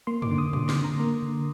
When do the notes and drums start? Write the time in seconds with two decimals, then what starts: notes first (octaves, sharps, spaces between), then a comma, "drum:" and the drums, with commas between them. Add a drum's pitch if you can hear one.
0.07 A#3 C6
0.22 D6, drum: tom
0.31 D3
0.38 D#6
0.53 D3 D6, drum: tom
0.69 C6, drum: snare
0.76 D3
0.84 A#5
1.00 A#3
1.22 D3